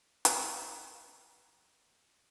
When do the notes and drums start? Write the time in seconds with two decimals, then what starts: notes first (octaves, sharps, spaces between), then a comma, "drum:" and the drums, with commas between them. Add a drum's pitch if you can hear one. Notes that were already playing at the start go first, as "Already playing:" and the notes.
0.25 drum: hi-hat
1.30 G#4 D#5 E5 F#5